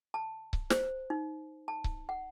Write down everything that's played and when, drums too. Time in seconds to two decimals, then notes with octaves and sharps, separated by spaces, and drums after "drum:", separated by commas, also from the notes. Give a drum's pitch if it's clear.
0.14 A5
0.53 drum: kick C#1
0.70 C5, drum: snare
1.10 D#4
1.68 A5
1.84 drum: kick C#1
2.09 F#5